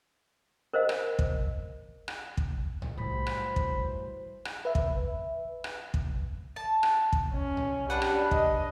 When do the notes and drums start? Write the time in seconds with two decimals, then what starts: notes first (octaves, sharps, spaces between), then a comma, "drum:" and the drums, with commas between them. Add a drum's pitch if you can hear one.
0.73 A#4 C5 D#5 F5
0.89 drum: rim click
1.19 drum: kick
2.08 drum: rim click
2.37 drum: kick
2.82 drum: tom
2.98 A2 E3 F#3 G3 C5 B5
3.27 drum: rim click
3.56 drum: kick
4.45 drum: rim click
4.65 B4 E5
4.75 drum: kick
5.64 drum: rim click
5.94 drum: kick
6.56 A5
6.83 drum: rim click
7.13 drum: kick
7.34 C#4
7.57 drum: tom
7.90 G3 D4 B4 F#5
8.02 drum: rim click
8.31 D#5, drum: kick